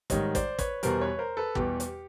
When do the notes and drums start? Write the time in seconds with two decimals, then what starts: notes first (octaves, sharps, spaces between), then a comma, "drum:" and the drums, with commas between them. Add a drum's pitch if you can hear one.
0.10 G#2 D#3 G3 C#5 D#5, drum: kick, hi-hat
0.35 C5 D5, drum: kick, hi-hat
0.59 B4 C#5, drum: kick, hi-hat
0.83 E2 B2 G3 A#4 C5, drum: hi-hat
1.01 B4 C#5
1.19 A#4 C5
1.37 A4 B4
1.55 E2 B2 G3 G4, drum: kick
1.80 drum: hi-hat